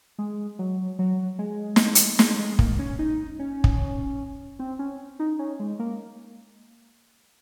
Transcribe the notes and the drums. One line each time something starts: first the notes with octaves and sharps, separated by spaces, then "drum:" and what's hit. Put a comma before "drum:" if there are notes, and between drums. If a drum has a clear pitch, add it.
G#3
F#3
F#3
G#3
drum: snare
drum: hi-hat
G#3, drum: snare
G#3
A#3, drum: kick
C#4
D#4
C#4
drum: kick
C4
C#4
D#4
C#4
G#3
A#3